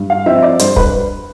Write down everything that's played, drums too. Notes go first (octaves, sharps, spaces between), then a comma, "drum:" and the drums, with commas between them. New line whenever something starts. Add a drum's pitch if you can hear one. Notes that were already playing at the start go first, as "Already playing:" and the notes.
Already playing: G2
F5
F3 C4 E5
D5
G2 C5, drum: hi-hat
B4, drum: kick